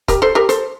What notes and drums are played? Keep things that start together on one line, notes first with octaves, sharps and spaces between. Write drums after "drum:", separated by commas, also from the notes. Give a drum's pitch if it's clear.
G4 A#4, drum: kick, hi-hat
A4 C5
G4 A#4
A4 C5, drum: hi-hat